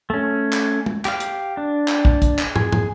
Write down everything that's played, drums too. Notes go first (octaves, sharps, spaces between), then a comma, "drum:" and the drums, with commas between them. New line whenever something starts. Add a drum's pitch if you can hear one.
A3 C#4
drum: clap
drum: tom
G4 F5, drum: clap
drum: hi-hat
D4
drum: clap
drum: kick
drum: kick, hi-hat
drum: clap
G#4, drum: tom
drum: tom